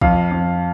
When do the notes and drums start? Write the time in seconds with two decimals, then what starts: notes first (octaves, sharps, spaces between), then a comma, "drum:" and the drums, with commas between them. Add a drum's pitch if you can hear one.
0.02 F2 F5, drum: kick
0.31 F2